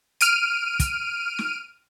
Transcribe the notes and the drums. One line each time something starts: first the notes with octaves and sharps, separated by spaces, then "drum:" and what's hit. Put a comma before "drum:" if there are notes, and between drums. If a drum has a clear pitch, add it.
F6 D7 D#7, drum: hi-hat
drum: kick, hi-hat
drum: snare